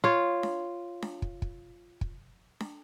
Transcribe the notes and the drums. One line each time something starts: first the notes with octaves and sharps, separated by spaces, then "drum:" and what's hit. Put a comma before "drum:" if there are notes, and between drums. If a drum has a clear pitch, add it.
F4 C#5
drum: snare D4
drum: snare D4
drum: kick
drum: kick
drum: kick
drum: snare D4